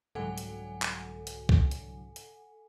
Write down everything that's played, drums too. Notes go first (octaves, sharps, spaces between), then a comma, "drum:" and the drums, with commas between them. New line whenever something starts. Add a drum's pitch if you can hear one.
C2 G#2 D3 F#3 A4 F#5 G#5
drum: hi-hat
drum: clap
drum: hi-hat
drum: kick B1
drum: hi-hat
drum: hi-hat